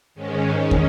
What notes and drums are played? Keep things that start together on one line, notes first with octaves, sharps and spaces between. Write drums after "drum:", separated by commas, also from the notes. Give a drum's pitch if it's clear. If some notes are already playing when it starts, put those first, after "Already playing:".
G#2 D#3 G#3 C#4
drum: kick